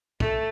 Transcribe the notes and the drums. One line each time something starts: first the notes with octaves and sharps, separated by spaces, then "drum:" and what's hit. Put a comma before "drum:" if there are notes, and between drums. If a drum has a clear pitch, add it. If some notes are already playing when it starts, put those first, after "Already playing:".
A3, drum: kick